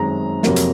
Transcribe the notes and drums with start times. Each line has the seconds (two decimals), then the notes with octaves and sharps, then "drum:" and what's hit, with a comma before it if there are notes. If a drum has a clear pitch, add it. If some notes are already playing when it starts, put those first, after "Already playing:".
Already playing: F#2 D#3 G#3 C4 A#5
0.43 F2 C3 F#3 A#3, drum: snare
0.56 drum: hi-hat